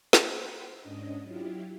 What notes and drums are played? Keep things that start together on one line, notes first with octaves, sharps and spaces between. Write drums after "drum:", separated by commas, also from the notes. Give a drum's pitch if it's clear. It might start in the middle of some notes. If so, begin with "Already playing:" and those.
C5 F#5 G5 B5 C6, drum: snare
G#2 C#4 D4 D#5
F#3 E4 F4 G4